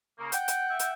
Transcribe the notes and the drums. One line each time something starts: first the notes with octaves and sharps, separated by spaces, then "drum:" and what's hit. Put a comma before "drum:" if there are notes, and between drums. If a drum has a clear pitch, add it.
C#3 A#3
F#5 G5, drum: hi-hat
drum: hi-hat
E5 G5
drum: hi-hat